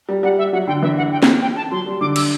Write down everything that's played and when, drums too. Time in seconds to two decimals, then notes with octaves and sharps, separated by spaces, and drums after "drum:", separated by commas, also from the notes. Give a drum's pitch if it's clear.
0.09 G3
0.23 G3 F#5
0.38 E5
0.53 F#3 F#5
0.67 D3 G5
0.82 E3 E5
0.97 F#5
1.12 G5
1.23 drum: snare
1.42 G5
1.56 A5
1.71 F#3 C6
1.86 G3
2.01 D3 D6
2.16 E6, drum: cymbal